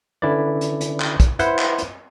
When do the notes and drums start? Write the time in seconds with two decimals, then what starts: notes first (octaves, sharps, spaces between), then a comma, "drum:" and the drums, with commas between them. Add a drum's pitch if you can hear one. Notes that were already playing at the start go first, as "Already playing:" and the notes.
0.22 D3 C#4 E4 B4 D5
0.61 drum: hi-hat
0.81 drum: hi-hat
1.00 drum: clap
1.20 drum: kick, hi-hat
1.39 E4 B4 C5 E5 F#5 C6, drum: hi-hat
1.59 drum: clap
1.78 drum: hi-hat